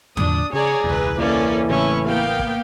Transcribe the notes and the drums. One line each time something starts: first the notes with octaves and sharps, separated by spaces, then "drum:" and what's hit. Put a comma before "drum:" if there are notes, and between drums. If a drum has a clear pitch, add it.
A2 D3 F3 D4 D#6, drum: tom E2
C#3 G#4 C#5 D5 A#5
E1 C#2 E3 B4
E3 A#3 C#4 A4 D5
A1 C#3 A3 C4 C#4 E4 C#6
A#3 B3 F5 G5
drum: kick